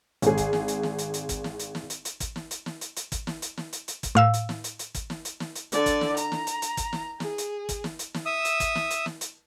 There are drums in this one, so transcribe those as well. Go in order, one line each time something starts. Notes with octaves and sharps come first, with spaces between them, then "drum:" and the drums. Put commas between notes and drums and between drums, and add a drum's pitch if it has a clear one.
G#1 G#4, drum: hi-hat
drum: kick, hi-hat
drum: snare
drum: hi-hat
drum: snare
drum: hi-hat
drum: hi-hat
drum: kick, hi-hat
drum: snare
drum: hi-hat
drum: snare
drum: hi-hat
drum: hi-hat
drum: kick, hi-hat
drum: snare
drum: hi-hat
drum: snare
drum: hi-hat
drum: hi-hat
drum: kick, hi-hat
drum: snare
drum: hi-hat
drum: snare
drum: hi-hat
drum: hi-hat
drum: kick, hi-hat
A2 F5 E6
drum: hi-hat
drum: snare
drum: hi-hat
drum: hi-hat
drum: kick, hi-hat
drum: snare
drum: hi-hat
drum: snare
drum: hi-hat
D3 D5, drum: hi-hat
drum: kick, hi-hat
drum: snare
A#5, drum: hi-hat
drum: snare
drum: hi-hat
drum: hi-hat
drum: kick, hi-hat
drum: snare
G#4, drum: snare
drum: hi-hat
drum: kick, hi-hat
drum: snare
drum: hi-hat
drum: snare
E5 D#6 E6
drum: hi-hat
drum: kick, hi-hat
drum: snare
drum: hi-hat
drum: snare
drum: hi-hat